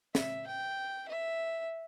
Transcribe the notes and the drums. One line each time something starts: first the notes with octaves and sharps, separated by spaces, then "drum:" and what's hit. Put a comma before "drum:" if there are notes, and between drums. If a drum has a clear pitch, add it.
E5, drum: snare
G5
E5